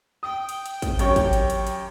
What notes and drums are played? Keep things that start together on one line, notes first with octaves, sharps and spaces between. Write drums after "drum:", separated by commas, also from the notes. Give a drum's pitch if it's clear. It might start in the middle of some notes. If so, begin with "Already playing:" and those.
G5 D#6
drum: hi-hat
drum: hi-hat
drum: kick, hi-hat
F#2 G4 C#5, drum: hi-hat
drum: kick, hi-hat
drum: hi-hat
drum: hi-hat
drum: hi-hat